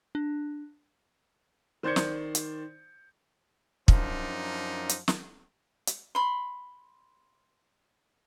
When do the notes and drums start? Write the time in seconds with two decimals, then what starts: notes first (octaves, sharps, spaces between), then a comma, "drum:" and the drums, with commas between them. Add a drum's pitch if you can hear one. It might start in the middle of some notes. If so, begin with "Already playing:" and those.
0.15 D4
1.83 D#3 C5 D5 G6 G#6 C#7
1.96 drum: snare
2.35 drum: hi-hat
3.88 F#2 F3 D4 D#4, drum: kick
4.89 drum: hi-hat
5.08 drum: snare
5.87 drum: hi-hat
6.15 B5 C6